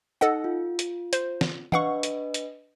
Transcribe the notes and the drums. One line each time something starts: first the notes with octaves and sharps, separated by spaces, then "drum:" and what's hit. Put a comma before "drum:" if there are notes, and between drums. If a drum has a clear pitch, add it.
D#4 A4 D#5 F#5
F4
drum: hi-hat
C5, drum: hi-hat
drum: snare
D4 B4 D#5 F5 F#5 C#6, drum: tom
drum: hi-hat
drum: hi-hat